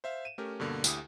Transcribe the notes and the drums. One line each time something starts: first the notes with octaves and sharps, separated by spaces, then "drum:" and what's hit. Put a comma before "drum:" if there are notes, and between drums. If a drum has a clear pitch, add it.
C5 E5 F5
D#7 E7
A3 C#4 G4 A#4
G2 B2 D3 A#3
D2 E4 G4 D#6, drum: tambourine